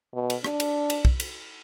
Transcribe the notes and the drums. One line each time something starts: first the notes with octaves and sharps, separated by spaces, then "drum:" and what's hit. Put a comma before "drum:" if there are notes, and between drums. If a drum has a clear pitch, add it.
B2
drum: cymbal
D4, drum: rim click
drum: cymbal
drum: cymbal
drum: kick
drum: cymbal